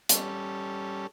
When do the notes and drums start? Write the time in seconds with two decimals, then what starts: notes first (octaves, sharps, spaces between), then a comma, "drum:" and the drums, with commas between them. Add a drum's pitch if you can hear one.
0.09 G3 C#4 A4, drum: hi-hat